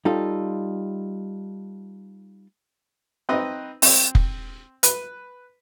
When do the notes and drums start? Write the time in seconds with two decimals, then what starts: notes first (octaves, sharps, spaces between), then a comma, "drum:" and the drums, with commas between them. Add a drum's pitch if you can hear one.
0.05 G3 D#4 F4 A4
3.29 C4 D#4 B4 D#5
3.82 C4, drum: open hi-hat
4.15 drum: kick F1
4.83 B4, drum: hi-hat